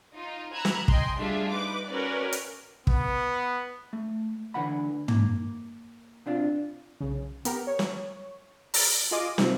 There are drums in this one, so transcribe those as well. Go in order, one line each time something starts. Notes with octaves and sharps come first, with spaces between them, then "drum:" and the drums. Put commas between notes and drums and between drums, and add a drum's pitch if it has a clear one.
D#4 F4
A#5 B5 E6 F#6 G#6
drum: snare
D#5 G5 G#5 C6, drum: kick
G3 A3 D4 F4 G#4 E5
D#4 B4 D6
C#4 F#4 A#4 B4 D5
drum: hi-hat
B3, drum: kick
A3
D2 D3 E3 F#5 B5
A#3, drum: tom
B2 C4 D4 F4
B1 C#3
B3 G4 A#4, drum: hi-hat
C#5
drum: snare
A#5 A6, drum: open hi-hat
F4 G#4 D#5 D6
C3 D#3 G3 A3 C4 F4, drum: snare